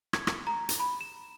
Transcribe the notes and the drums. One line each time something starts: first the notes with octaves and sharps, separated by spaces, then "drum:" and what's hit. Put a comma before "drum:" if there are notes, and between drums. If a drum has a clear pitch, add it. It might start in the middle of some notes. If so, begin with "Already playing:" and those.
G#6, drum: rim click
drum: rim click
A#5
drum: hi-hat
B5
E7